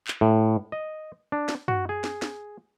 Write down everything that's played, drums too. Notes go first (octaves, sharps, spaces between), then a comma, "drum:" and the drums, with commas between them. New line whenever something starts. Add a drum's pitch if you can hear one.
drum: clap
A2
D#5
D4
drum: snare
F#4, drum: tom
G#4
drum: snare
drum: snare